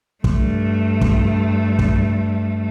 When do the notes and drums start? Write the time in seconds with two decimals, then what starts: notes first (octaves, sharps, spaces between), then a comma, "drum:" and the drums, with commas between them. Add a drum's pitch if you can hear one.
0.24 G2 A3, drum: kick
1.01 drum: kick
1.79 drum: kick